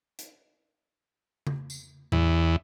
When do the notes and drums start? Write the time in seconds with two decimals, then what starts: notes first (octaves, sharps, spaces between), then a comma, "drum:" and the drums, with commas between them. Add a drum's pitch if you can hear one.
0.19 drum: hi-hat
1.47 drum: tom C#3
1.70 drum: tambourine
2.12 E2, drum: tom A2